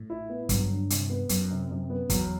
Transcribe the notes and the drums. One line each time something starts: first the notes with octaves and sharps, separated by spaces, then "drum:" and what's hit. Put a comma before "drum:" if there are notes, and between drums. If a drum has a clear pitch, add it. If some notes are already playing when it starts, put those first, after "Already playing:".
Already playing: A2
E4
B3
G2 F#3, drum: kick, hi-hat
D3
C3, drum: hi-hat
B3
F#2 F#3, drum: hi-hat
C3
C3
B3
E2 F#3, drum: kick, hi-hat